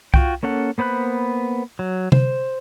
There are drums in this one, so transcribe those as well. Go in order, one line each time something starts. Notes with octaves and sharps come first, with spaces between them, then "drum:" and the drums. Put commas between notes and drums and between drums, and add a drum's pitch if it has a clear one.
F4 F#4 G5, drum: kick C2
A#3 C#4 A4 F#5
A#3 B3 C5 B5 F#6
F#3
C5, drum: tom C3